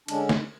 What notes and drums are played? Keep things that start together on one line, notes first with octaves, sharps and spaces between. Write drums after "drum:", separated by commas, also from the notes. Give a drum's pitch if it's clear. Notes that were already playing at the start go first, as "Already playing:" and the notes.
D3 G#3 C#4 D4, drum: cymbal
drum: snare